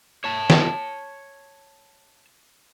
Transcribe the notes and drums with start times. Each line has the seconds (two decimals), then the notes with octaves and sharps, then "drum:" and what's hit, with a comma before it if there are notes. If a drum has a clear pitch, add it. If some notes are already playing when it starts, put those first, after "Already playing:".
0.24 C#5 A5
0.50 drum: snare